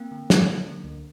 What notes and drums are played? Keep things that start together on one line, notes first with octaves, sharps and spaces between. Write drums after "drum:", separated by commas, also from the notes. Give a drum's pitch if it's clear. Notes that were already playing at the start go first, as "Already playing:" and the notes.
Already playing: A#3 C4
D3
D3, drum: snare
A#3
D3
D2